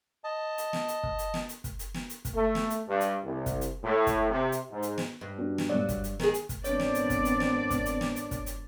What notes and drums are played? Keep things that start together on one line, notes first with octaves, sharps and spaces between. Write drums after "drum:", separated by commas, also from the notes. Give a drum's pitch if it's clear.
D#5 A5
drum: hi-hat
drum: snare
drum: hi-hat
drum: kick
drum: hi-hat
drum: snare
drum: hi-hat
drum: kick, hi-hat
drum: hi-hat
drum: snare
drum: hi-hat
drum: kick, hi-hat
A3
drum: snare
drum: hi-hat
G2
drum: hi-hat
C2
drum: kick, hi-hat
drum: hi-hat
A2
drum: kick, hi-hat
C3
drum: hi-hat
G#2
drum: hi-hat
drum: snare
G2
D4 F#4
drum: snare
G2 F#3 D5
drum: kick, hi-hat
drum: hi-hat
D#3 G#4, drum: snare
drum: hi-hat
drum: kick, hi-hat
G#1 B3 C4 D4 C#5 D5, drum: hi-hat
drum: snare
drum: hi-hat
drum: kick, hi-hat
drum: hi-hat
drum: snare
drum: kick, hi-hat
drum: hi-hat
drum: snare
drum: hi-hat
drum: kick, hi-hat
drum: hi-hat